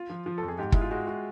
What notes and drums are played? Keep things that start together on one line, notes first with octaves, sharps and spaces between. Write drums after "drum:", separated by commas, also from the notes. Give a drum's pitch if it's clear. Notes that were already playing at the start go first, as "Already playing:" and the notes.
Already playing: F4
F3
F3
F2 A4
G#4
G#2 G4
G#3 E4, drum: kick
F4
G#3 F#4
F#4